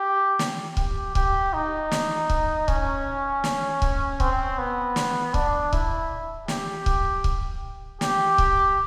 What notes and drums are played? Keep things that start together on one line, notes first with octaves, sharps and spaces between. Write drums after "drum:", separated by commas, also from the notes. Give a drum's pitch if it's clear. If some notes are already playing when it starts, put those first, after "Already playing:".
Already playing: G4
drum: snare
G4, drum: kick C#1
G4, drum: kick C#1
D#4
drum: snare
drum: kick C#1
C#4, drum: kick C#1
drum: snare
drum: kick C#1
C4, drum: kick C#1
B3
drum: snare
D4, drum: kick C#1
E4, drum: kick C#1
G4, drum: snare
drum: kick C#1
drum: kick C#1
G4, drum: snare
drum: kick C#1